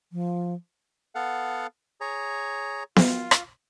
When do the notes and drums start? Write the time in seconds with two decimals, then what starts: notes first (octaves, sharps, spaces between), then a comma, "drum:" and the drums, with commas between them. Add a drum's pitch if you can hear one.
0.12 F3
1.15 B3 A4 F5 F#5
2.01 G#4 C#5 A#5
2.96 F4, drum: snare B3
3.31 drum: rim click